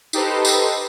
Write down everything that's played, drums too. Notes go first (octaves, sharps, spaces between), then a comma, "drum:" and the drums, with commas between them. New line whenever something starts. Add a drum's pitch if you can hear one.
D#4 G4 A4 B4 C5, drum: tambourine
drum: tambourine